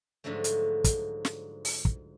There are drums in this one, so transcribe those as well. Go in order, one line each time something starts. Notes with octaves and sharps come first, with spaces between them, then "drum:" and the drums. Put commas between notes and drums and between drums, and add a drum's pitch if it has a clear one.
G#2 D3 F3 F#3 A3
drum: hi-hat
drum: kick, hi-hat
drum: snare
drum: open hi-hat
drum: kick